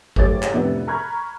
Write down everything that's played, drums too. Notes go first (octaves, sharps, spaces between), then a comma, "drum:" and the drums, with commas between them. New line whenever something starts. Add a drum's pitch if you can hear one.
F#1 A3 G4 C#5 D6 A6, drum: kick
drum: clap
F2 A2 C3 B3 D4
A#5 B5 C#6 F6 F#6 G#6